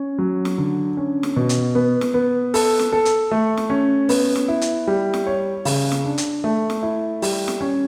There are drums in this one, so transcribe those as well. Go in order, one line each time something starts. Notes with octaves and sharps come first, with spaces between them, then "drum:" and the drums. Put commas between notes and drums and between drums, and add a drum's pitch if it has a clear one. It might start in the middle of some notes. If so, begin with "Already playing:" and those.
Already playing: C#4
F#3
drum: snare
D3
C#4
drum: snare
B2
drum: hi-hat
B3
drum: snare
B3
A4, drum: open hi-hat
drum: snare
A4
drum: hi-hat
A3
drum: snare
C#4
B3, drum: open hi-hat
drum: snare
E4
drum: hi-hat
G3
drum: snare
C#5
C#3, drum: open hi-hat
drum: snare
D4
drum: hi-hat
A3
drum: snare
E4
G3, drum: open hi-hat
drum: snare
C#4